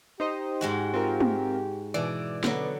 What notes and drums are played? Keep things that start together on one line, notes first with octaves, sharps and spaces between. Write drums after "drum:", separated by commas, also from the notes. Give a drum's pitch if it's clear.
D#4 G4 C5 D#5
G#2 G#3 F#4
C4 F4 A#4
drum: tom
B2 E3 D5
D3 F#3 B3, drum: snare